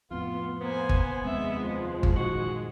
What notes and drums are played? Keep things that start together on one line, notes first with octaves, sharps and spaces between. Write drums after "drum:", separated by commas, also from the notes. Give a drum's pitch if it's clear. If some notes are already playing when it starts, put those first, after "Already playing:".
F2 A2 B3 F4
A#3 B3 C5 G#5
drum: kick G1
F1 D#2 G#3 C4 E5
F3
drum: kick G1
F#2 A#2 D#3 F#4